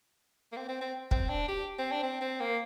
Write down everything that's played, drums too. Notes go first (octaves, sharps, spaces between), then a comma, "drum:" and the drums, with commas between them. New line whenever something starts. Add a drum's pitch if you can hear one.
A#3
C4
C4
C4
C4, drum: kick
D4
G4
C4
D4
C4
C4
A#3